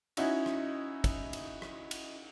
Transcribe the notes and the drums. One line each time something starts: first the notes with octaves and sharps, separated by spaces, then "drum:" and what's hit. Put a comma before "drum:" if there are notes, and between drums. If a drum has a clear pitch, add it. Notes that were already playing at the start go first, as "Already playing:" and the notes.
C#4 D#4 E4 F#4, drum: cymbal
drum: rim click
drum: kick, cymbal
drum: cymbal
drum: rim click
drum: cymbal